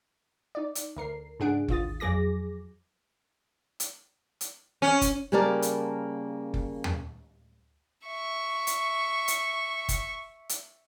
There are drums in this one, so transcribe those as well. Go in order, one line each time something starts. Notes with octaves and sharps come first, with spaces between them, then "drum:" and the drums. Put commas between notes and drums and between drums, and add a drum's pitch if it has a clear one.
D#4 D5
drum: hi-hat
D2 A#4 C7
G#2 C#3 D4 G#4 F#5 D7
A1 D#2 F4 D#6 A6, drum: kick F#1
F2 F#3 G#4 D6 A#6
drum: hi-hat
drum: hi-hat
C#4
drum: kick F#1, hi-hat
C#3 G3 A#3 A#4 D5 A5
drum: hi-hat
drum: kick F#1
drum: tom D#2
E5 C#6
drum: hi-hat
drum: hi-hat
drum: kick F#1, hi-hat
drum: hi-hat